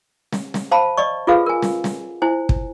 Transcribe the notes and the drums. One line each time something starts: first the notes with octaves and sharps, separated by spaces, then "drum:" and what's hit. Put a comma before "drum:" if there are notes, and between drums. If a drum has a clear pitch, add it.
drum: snare
drum: snare
C5 F5 A5 B5
D5 D#5 C#6
F4 G#4 A4 B4 F5
A#4 G#5
drum: snare
drum: snare
E4 C5 G#5
drum: kick